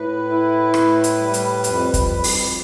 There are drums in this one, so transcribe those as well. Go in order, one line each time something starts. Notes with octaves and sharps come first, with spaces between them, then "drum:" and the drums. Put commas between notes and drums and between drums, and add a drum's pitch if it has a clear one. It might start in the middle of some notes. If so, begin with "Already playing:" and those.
Already playing: A2 B4
E4
A2, drum: rim click
drum: hi-hat
G3
drum: hi-hat
F2, drum: hi-hat
drum: kick, hi-hat
F2
drum: open hi-hat